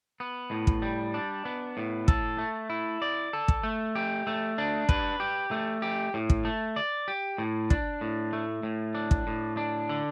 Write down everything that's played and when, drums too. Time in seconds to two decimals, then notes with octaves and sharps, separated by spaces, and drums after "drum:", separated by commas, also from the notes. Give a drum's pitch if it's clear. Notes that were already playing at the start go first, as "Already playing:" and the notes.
0.20 B3
0.51 A2
0.67 drum: kick
0.82 G3
1.14 D4
1.45 B3
1.77 A2
2.08 A4, drum: kick
2.38 A3
2.70 E4
3.02 D5
3.33 A4
3.48 drum: kick
3.63 A3
3.95 G4
4.27 A3
4.58 D4
4.89 B4, drum: kick
5.20 G4
5.51 A3
5.82 G4
6.14 A2
6.30 drum: kick
6.45 A3
6.76 D5
7.08 G4
7.38 A2
7.70 D4, drum: kick
8.01 A2
8.33 A3
8.63 A2
8.95 D4
9.11 drum: kick
9.27 A2
9.57 D4
9.89 D3